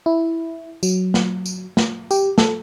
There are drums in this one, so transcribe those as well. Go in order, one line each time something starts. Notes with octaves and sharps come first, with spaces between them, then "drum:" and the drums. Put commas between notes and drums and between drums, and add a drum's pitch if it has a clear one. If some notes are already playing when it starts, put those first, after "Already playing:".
E4
F#3, drum: tambourine
drum: snare
drum: tambourine
drum: snare
G4, drum: tambourine
A4, drum: snare